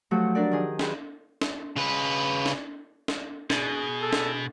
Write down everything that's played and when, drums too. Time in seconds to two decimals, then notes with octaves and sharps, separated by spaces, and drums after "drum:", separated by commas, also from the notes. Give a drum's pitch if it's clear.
0.11 F3 F#3 A3 F#4 G4
0.35 D4 A#4 D5
0.51 D#3 G#4
0.79 G#4 B4 G5 C6, drum: snare
1.42 drum: snare
1.76 C#3 B4
2.46 drum: snare
3.08 drum: snare
3.50 B2 G#4, drum: snare
4.01 A4
4.13 drum: snare